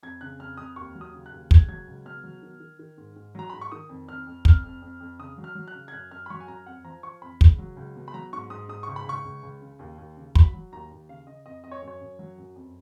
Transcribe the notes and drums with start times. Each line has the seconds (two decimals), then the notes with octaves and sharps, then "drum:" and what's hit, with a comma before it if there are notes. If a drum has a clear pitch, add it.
0.03 F2 G#6
0.21 C#3 F#6
0.40 F2 F6
0.57 F2 D#6
0.76 D#2 C#6
0.95 F#3
1.01 D#6
1.14 C#3
1.26 F#6
1.31 D#2
1.51 C#2 G#6, drum: kick
1.68 F#3 G#6
1.88 C#2
2.05 B2 F6
2.24 F#3
2.43 D#3
2.60 D#3
2.79 D#3
2.98 G#2
3.16 G#2
3.35 F#3 A#5
3.50 G#2 B5
3.61 C#6
3.72 D#3 D#6
3.89 F2
4.08 F2 F6
4.27 F2
4.45 F2 F6, drum: kick
4.64 F2
4.82 F2
5.01 F2
5.19 C#3 D#6
5.38 F#3
5.44 F6
5.55 F#3
5.68 F#6
5.75 C#3
5.88 G#6
5.93 F#2 F#6
6.11 F#2 F6
6.26 B5
6.30 F#3 C#6
6.40 G#5
6.47 F#2 A#5
6.66 F2 F#5
6.84 F3 A#5
7.03 F3 C#6
7.22 F2 B5
7.41 C#2, drum: kick
7.58 F#3
7.77 C#2
7.96 B2
8.08 B5
8.14 F#3 A#5
8.33 G#2 C#6
8.50 G#2 D#6
8.69 G#2 D#6
8.83 C#2 C#6
8.96 B5
9.07 C#2 C#6
9.25 C#2
9.43 C#2
9.61 C#3
9.79 D#2
9.98 D#2
10.17 C#3
10.35 F#3 B5, drum: kick
10.54 F#3
10.72 D#2 A#5
10.91 D#2
11.09 C#3 F5
11.27 C#3 D#5
11.46 F2 D#5
11.64 F2 D#5
11.71 C#5
11.82 F#2
11.88 C#5
12.01 F#2
12.19 F#3
12.38 F#2
12.56 F2